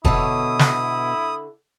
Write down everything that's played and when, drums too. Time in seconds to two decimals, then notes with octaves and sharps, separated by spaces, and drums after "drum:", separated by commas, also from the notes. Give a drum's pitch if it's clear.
0.05 B2 D3 E4 B4 C#5 A5 D#6, drum: kick F1
0.59 drum: snare